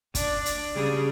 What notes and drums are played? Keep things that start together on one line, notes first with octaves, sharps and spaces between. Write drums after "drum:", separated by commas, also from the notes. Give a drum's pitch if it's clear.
D4, drum: kick, hi-hat
drum: hi-hat
C#3 G3 G#4